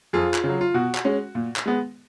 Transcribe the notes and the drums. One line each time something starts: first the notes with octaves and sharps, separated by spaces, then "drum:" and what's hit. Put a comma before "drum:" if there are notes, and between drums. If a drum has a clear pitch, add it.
F2 F4 G#4
drum: clap
C#3 F#3
F4
B2 F#4
drum: clap
G#3 C#4
A#2
drum: clap
G#3 B3